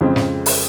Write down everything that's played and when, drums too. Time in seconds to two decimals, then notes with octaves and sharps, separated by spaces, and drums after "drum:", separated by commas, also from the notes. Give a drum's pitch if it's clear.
0.01 F2 C#3 G#3 C4
0.16 drum: snare
0.46 drum: open hi-hat